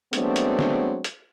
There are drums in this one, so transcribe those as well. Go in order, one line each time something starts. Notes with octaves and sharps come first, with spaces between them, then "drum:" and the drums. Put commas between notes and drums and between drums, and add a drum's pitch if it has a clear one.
F#3 G#3 A3 B3 C4 D4, drum: hi-hat
drum: hi-hat
drum: snare
drum: hi-hat